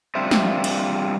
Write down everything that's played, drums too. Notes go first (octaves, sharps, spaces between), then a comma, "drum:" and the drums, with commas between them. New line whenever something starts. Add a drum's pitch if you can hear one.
G3 C4 D4 F4 C5 E5
drum: snare
drum: cymbal